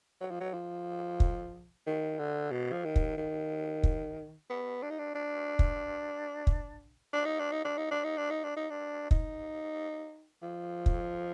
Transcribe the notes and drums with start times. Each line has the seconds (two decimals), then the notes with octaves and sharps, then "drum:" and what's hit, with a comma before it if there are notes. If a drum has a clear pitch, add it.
0.21 F#3
0.31 F3
0.40 F#3
0.54 F3
1.20 drum: kick
1.86 D#3
2.19 D3
2.51 B2
2.72 F3
2.85 D#3
2.96 drum: kick
3.17 D#3
3.83 drum: kick
4.50 B3
4.83 D4
4.90 D#4
4.99 D4
5.15 D4
5.59 drum: kick
6.47 drum: kick
7.13 D4
7.25 D#4
7.39 D4
7.52 D#4
7.65 D4
7.78 D#4
7.91 D4
8.04 D#4
8.17 D4
8.30 D#4
8.44 D4
8.56 D#4
8.70 D4
9.11 D#4, drum: kick
10.42 F3
10.86 drum: kick